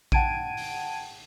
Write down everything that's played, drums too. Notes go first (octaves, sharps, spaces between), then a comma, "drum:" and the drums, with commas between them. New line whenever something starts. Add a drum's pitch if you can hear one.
F#5 G5 A5 G#6 D7 D#7, drum: kick A1
drum: open hi-hat